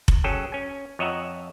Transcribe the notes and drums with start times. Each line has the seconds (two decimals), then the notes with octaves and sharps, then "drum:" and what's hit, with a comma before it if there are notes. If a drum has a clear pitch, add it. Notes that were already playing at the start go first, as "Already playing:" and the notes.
0.08 drum: kick F1
0.24 F#3 C#4 G#4 A4 G5
0.52 C#4 G#5
0.99 F2 C#5 D#5 E5 F#5 A#5